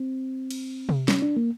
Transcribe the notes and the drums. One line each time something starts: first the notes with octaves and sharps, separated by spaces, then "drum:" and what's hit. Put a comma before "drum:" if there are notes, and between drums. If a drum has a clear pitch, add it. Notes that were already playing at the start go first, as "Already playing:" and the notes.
Already playing: C4
drum: cymbal
drum: tom C3
C#4, drum: snare
D4
A#3